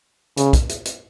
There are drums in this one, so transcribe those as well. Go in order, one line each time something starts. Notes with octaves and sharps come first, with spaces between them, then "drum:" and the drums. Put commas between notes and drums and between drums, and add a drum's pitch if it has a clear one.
C#3, drum: hi-hat
drum: kick, hi-hat
drum: hi-hat
drum: hi-hat